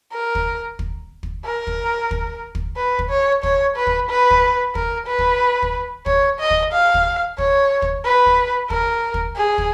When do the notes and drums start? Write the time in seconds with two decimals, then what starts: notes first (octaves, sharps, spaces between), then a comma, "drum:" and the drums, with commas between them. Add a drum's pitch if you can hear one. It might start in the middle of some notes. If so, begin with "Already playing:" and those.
0.13 A#4
0.35 drum: kick
0.79 drum: kick
1.23 drum: kick
1.45 A#4
1.67 drum: kick
2.11 drum: kick
2.55 drum: kick
2.76 B4
2.99 drum: kick
3.10 C#5
3.43 C#5, drum: kick
3.76 B4
3.87 drum: kick
4.09 B4
4.31 drum: kick
4.75 A#4, drum: kick
5.07 B4
5.19 drum: kick
5.62 drum: kick
6.06 C#5, drum: kick
6.40 D#5
6.50 drum: kick
6.73 F5
6.94 drum: kick
7.38 C#5, drum: kick
7.82 drum: kick
8.05 B4
8.26 drum: kick
8.70 A#4, drum: kick
9.14 drum: kick
9.36 G#4
9.58 drum: kick